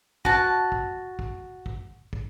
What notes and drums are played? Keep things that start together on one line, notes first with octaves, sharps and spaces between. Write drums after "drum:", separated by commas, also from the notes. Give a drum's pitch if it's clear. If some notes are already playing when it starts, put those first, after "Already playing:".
F#4 A5, drum: kick
drum: kick
drum: kick
drum: kick
drum: kick